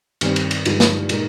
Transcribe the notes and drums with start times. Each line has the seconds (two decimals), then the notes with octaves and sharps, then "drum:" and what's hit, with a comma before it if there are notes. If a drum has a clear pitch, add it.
0.21 G2 D#3 G3 C4, drum: cymbal
0.36 drum: cymbal
0.51 drum: cymbal
0.65 G2 D3 F3 G#3 D#4, drum: cymbal
0.80 drum: snare
1.09 A#2 G#3 D#4 A#4, drum: cymbal